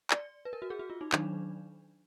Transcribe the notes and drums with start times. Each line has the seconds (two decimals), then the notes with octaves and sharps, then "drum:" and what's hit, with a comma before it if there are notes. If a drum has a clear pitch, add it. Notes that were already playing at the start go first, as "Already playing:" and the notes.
0.11 D5, drum: clap
0.45 B4
0.53 A#4
0.62 F#4
0.70 G#4
0.79 F#4
0.90 F4
1.01 D#4
1.12 D#3 F#3 D4 D#4, drum: clap